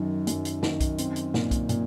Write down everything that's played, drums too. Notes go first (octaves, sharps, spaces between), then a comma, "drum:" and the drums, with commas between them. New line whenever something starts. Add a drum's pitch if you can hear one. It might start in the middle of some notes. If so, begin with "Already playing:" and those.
Already playing: F#2 D#3
F#2, drum: hi-hat
drum: hi-hat
D#3, drum: snare
drum: kick B1, hi-hat
C4, drum: hi-hat
drum: hi-hat
A#2, drum: snare
drum: kick B1, hi-hat
A#2, drum: hi-hat